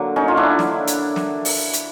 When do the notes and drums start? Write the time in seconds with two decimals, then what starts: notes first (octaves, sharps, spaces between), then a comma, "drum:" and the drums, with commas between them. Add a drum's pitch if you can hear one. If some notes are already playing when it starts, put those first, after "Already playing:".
Already playing: D3 F#3 A#3
0.16 C#4 D#4
0.28 F4
0.37 D4 E4
0.59 drum: snare
0.88 drum: hi-hat
1.16 drum: snare
1.45 drum: open hi-hat
1.74 drum: hi-hat